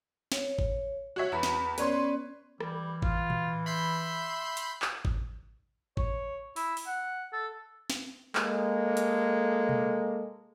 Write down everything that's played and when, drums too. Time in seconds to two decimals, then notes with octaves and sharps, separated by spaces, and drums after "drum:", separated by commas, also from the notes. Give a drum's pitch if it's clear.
0.32 C#5, drum: snare
0.59 drum: kick G#1
1.16 F#4 C#5 E5
1.32 E2 B4 B5
1.43 drum: snare
1.78 B3 C#4 B4 C#5 D5 C6, drum: hi-hat
2.61 E3 G3, drum: rim click
3.02 F4, drum: kick G#1
3.30 drum: tom A2
3.66 E5 B5 C6 G6
4.57 drum: hi-hat
4.82 drum: clap
5.05 drum: kick G#1
5.97 C#5, drum: kick G#1
6.56 E4, drum: open hi-hat
6.77 drum: open hi-hat
6.87 F#5
7.33 A4
7.90 drum: snare
8.35 G#3 A#3 A4, drum: clap
8.97 drum: hi-hat
9.69 drum: tom B2